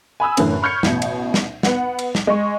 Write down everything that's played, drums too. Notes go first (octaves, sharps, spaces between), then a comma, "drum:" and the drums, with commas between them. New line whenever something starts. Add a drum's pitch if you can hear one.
G#5 B5 D#6 E6
F#2 A2 D3 E3, drum: cymbal
B5 C#6 F6 G6 G#6 C#7
A1 B2, drum: snare
drum: cymbal
drum: snare
B3 F#5, drum: snare
drum: cymbal
drum: snare
G#3 C#6